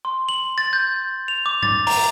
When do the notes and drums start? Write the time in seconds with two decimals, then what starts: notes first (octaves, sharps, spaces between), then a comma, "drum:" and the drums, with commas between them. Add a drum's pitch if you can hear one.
0.05 C6
0.29 F#7
0.58 A6
0.73 G6
1.28 F7
1.46 D6
1.63 A6, drum: tom G#2
1.87 A#5, drum: open hi-hat